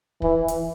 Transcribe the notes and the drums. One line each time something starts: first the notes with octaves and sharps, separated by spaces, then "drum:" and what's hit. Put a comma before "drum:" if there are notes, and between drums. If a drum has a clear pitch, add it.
E3, drum: kick
drum: hi-hat